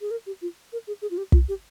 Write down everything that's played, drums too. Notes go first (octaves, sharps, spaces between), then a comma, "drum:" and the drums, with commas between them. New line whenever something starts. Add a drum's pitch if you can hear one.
G#4
A#4
G4
F4
A#4
G#4
G#4
F4
G4
F4, drum: kick
G4